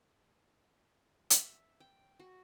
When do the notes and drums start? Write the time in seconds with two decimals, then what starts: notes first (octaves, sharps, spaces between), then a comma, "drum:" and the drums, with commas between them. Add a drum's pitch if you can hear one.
1.30 E5, drum: hi-hat
1.80 G5
2.20 F#4